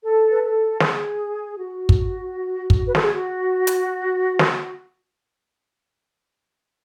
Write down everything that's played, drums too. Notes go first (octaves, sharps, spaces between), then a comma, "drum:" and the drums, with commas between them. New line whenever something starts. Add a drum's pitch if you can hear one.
A4
B4
A4
G#4, drum: snare
F#4
drum: kick
drum: kick
B4
A4, drum: snare
G#4
F#4
drum: hi-hat
drum: snare